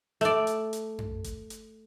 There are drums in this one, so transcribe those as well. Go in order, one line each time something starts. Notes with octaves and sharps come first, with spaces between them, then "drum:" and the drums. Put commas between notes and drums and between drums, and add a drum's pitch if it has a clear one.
A3 D5, drum: snare
drum: hi-hat
drum: hi-hat
drum: tom F#2
drum: kick G1, hi-hat
drum: hi-hat